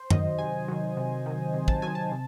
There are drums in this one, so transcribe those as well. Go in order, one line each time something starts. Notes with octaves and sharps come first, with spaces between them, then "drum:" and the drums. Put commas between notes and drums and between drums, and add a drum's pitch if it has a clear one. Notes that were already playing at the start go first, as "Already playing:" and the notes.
Already playing: C5
D#3 F#3 D#5, drum: tom F#2
C3 G#5
D#3 F#3
C3
D#3 F#3
C3
A5, drum: kick
D#3 F#3 G#5
A5
C3